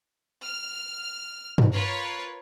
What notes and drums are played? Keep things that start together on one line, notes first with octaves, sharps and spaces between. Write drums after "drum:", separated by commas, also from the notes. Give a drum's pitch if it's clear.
F6
drum: tom G2
F4 A#4 B4 C#5